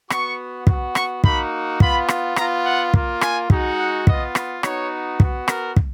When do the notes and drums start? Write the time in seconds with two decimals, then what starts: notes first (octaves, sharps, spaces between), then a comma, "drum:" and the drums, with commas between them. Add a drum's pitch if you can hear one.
0.10 B3 F#4 C#6, drum: rim click
0.67 B3 F#4, drum: kick
0.95 C#6, drum: rim click
1.24 A#3 D#4 F#4 B5, drum: kick
1.80 B3 F4 B5, drum: kick
2.08 drum: rim click
2.36 B3 F4 A#5, drum: rim click
2.65 F#5
2.94 A#3 F4, drum: kick
3.21 G#5, drum: rim click
3.50 G#3 D#4 F#4, drum: kick
3.79 F#5
4.07 B3 F4 D#5, drum: kick
4.35 drum: rim click
4.63 B3 D#4 F#4 C#5, drum: rim click
5.20 B3 F#4, drum: kick
5.48 A#4, drum: rim click
5.77 drum: kick